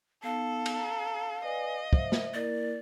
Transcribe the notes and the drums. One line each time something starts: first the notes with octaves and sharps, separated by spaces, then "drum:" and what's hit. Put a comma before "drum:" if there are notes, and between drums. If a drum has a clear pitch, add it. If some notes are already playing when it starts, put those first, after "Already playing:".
B3 D#4 A4 F5
drum: cymbal
A#5
B4 D5 D#5 G#5
C5 E5, drum: kick
drum: snare
A#3 E4 A#4 D5